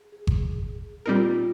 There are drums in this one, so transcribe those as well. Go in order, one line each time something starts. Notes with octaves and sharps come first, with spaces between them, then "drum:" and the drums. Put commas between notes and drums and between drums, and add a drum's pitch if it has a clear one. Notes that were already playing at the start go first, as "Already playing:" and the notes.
Already playing: G#4
G#4
drum: kick G1
A#2 G3 C4 D#4 F4 A#4